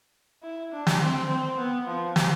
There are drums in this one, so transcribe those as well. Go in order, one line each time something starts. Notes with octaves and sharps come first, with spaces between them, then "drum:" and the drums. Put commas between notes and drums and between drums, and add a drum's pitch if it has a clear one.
E4
D4
drum: snare
C4
C4
B3
F3
drum: snare